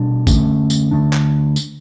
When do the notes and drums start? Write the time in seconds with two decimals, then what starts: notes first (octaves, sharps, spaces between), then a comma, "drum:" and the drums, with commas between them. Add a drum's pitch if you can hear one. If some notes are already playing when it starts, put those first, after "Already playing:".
Already playing: B2 G3 D4
0.27 D3 A3 C#4, drum: kick, tambourine
0.70 drum: tambourine
0.91 D3 A3 D4
1.13 drum: clap
1.56 drum: tambourine